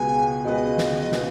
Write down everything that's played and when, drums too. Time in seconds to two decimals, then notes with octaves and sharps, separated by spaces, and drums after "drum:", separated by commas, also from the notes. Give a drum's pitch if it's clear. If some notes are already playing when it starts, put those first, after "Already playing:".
Already playing: C#2 B2 B3 G#4 B4 G#5
0.45 C#2 B2 B3 G#4 B4 D#5
0.78 drum: snare
1.12 B2 B3 G#4 B4, drum: snare